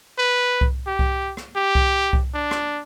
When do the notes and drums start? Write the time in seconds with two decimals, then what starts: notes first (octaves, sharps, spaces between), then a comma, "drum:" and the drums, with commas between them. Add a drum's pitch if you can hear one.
0.19 B4
0.61 drum: kick C2
0.87 G4
0.99 drum: kick C2
1.37 drum: rim click
1.56 G4
1.75 drum: kick C2
2.13 drum: kick C2
2.34 D4
2.51 drum: rim click